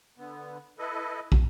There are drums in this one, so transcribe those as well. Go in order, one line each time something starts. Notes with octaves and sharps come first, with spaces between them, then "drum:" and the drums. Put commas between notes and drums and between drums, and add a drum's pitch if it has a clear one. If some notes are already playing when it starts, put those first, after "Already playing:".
D3 B3
E4 A4 B4 D#5
drum: kick